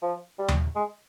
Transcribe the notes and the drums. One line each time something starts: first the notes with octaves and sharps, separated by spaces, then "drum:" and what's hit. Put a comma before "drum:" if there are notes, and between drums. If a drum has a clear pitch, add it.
F3
G3
drum: tom D#2
G#3